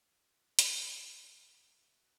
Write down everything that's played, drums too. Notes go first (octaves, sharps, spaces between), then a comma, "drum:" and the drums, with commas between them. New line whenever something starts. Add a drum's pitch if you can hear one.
F4
F#4
B3, drum: hi-hat
G5
D4
A4
A#4
B3
E5
F#4